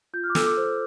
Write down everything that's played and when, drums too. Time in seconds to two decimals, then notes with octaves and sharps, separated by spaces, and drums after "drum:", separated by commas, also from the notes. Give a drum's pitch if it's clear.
0.13 F4 G6
0.24 F6
0.30 D6
0.35 A4 E6, drum: snare
0.46 D6
0.57 C5